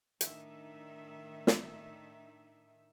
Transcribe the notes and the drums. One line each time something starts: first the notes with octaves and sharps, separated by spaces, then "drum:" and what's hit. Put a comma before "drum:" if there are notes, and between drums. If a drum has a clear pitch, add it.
A2 D#3 D4 D#4 E5, drum: hi-hat
drum: snare